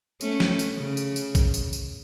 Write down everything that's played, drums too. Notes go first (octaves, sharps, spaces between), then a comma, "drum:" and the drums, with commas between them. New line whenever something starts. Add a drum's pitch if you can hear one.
A3 C#4, drum: tambourine
drum: snare
drum: tambourine
C#3
drum: tambourine
drum: tambourine
drum: kick A#1, tambourine
drum: tambourine
drum: tambourine